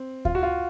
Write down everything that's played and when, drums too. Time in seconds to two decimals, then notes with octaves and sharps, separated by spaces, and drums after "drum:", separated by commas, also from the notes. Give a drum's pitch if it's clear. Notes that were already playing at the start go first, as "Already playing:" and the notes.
Already playing: C4
0.25 F4, drum: kick D2
0.35 F#4
0.43 F4